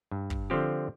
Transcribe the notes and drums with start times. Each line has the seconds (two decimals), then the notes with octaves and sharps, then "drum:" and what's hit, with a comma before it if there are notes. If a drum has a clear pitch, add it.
0.11 G2
0.30 drum: kick
0.50 D3 F3 C4 G4